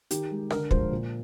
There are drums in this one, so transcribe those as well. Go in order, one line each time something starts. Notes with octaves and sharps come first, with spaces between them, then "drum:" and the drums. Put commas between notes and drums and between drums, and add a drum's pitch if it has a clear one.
D#3 G4, drum: hi-hat
G#3
D3 A#4, drum: rim click
F3 G#3 C5, drum: kick
A#2